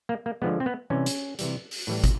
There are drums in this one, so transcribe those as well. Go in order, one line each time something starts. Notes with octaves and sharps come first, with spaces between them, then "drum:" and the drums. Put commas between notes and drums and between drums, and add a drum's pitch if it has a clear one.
A#3
A#3
D3 F3 G#3 B3
C4
B3
C3 E3 G3 C#4
drum: hi-hat
C3 E3 G3, drum: hi-hat
drum: open hi-hat
A2 E3 G3
drum: kick, hi-hat